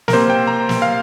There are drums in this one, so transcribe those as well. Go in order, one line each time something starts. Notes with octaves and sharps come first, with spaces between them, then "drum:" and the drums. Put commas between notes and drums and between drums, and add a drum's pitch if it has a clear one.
A#4, drum: snare
C3 A#3 C5
G5
A#5
drum: snare
F5